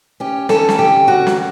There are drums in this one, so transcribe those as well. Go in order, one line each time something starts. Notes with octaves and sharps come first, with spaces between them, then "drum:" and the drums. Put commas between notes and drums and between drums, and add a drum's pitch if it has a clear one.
C#4 G4
C#4 A4, drum: snare
drum: snare
D3 G4
C#4 F#4
drum: snare